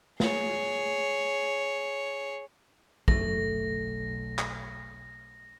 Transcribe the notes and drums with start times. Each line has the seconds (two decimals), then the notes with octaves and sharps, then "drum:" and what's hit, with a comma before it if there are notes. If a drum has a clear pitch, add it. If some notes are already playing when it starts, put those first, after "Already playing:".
0.20 G#4 C#5, drum: snare
3.08 F#1 B1 F#2 A3 A#6, drum: kick
4.39 drum: clap